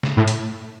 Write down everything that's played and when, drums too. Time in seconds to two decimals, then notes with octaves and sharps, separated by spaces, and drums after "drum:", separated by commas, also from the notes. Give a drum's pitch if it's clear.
0.03 drum: snare
0.17 A2
0.28 drum: hi-hat